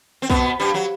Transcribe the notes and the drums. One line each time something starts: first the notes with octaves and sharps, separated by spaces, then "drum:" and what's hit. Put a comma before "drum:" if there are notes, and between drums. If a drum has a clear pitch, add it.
C4
B2 B3, drum: kick B1
G2 G3
F#3